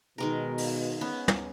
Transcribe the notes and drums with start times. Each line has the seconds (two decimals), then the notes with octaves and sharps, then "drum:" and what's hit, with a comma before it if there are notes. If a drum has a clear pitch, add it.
0.18 B2 D#3 G#3 A#4
0.58 drum: open hi-hat
1.01 B3 C#4
1.28 drum: tom